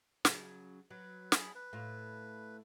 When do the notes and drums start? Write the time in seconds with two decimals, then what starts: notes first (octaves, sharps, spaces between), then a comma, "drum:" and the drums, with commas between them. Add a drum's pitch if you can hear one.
0.25 C#3 F#3, drum: snare
0.91 F#3 B4
1.32 G#4 B5, drum: snare
1.55 B4
1.73 A2 F4